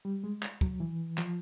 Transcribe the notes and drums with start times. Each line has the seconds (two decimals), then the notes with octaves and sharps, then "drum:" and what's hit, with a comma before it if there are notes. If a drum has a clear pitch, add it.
0.05 G3
0.24 G#3
0.43 drum: clap
0.61 F#3, drum: kick
0.80 E3
1.18 F3, drum: clap